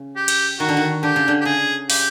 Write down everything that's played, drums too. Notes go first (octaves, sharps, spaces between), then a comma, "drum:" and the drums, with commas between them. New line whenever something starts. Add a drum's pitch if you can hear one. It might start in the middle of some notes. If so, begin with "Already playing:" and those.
Already playing: C#3
G4
drum: cymbal
D#3 F#4
D3
D#3
D3 G4
C#3
D3
G4
C#3 G#4
G4, drum: open hi-hat